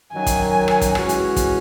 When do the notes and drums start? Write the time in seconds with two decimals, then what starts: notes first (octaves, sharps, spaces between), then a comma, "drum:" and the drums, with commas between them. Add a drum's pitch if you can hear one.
0.12 F#2 D#3 F#3 G#5
0.26 drum: kick, hi-hat
0.68 drum: rim click
0.81 drum: kick, hi-hat
0.95 E3 G#3 C#4 F#4, drum: rim click
1.09 drum: hi-hat
1.36 drum: kick, hi-hat